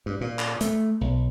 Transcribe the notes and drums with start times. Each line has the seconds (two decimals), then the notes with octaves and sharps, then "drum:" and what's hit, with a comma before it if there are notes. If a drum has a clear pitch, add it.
0.06 G2
0.21 A#2
0.39 drum: clap
0.61 A3, drum: hi-hat
1.01 B1